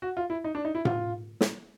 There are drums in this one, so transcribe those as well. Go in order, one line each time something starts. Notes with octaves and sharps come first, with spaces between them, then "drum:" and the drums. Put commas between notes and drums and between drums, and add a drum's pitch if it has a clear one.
F#4
F4
E4
D#4
D4
D#4
E4
F4, drum: tom A2
drum: snare